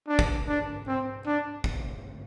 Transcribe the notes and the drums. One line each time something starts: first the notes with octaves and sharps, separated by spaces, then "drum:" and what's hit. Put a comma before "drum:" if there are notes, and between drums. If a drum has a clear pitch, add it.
D4
drum: kick
D4
C4
D4
drum: kick